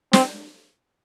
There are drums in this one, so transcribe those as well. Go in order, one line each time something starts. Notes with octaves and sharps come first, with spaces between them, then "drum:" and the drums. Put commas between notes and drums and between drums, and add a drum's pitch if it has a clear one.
C4, drum: snare